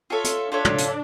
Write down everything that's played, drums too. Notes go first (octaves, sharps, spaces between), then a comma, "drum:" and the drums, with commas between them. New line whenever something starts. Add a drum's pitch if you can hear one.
F4 A4 C#5 E5
drum: hi-hat
D4 F4 A4 C#5 E5
drum: tom
drum: hi-hat